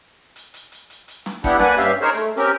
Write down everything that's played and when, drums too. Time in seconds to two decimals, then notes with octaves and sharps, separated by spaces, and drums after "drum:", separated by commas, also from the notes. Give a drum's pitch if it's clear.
0.36 drum: hi-hat
0.54 drum: hi-hat
0.72 drum: hi-hat
0.90 drum: hi-hat
1.08 drum: hi-hat
1.26 drum: snare
1.44 B3 D4 E4 G4 F#5, drum: kick, hi-hat
1.59 A#3 D4 B4 D5 F#5 G#5, drum: snare
1.78 G2 C#4 G4 E5 F5, drum: hi-hat
2.01 D#4 G#4 A#4 C5 C#5
2.14 A3, drum: hi-hat
2.37 C4 C#4 G4 A#4, drum: hi-hat